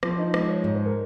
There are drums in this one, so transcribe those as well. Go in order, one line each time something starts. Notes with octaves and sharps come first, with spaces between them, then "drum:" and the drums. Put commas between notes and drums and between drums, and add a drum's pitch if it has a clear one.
F3 F4, drum: rim click
D#4
G#3, drum: rim click
C#5
G#2 C#5
C5
A#4